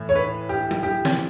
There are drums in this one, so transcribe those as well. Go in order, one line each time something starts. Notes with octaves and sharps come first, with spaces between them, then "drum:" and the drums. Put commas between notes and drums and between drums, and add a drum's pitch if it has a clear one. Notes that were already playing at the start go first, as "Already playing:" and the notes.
Already playing: A2 E3
C#5
B4
G4
drum: tom F#3
G4
drum: snare